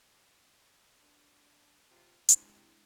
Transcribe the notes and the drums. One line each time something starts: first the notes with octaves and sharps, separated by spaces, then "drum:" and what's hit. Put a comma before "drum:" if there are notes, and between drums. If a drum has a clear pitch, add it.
D6 E6 C7
D4
C3 F4
C3 G#3 C4 D4 E4, drum: hi-hat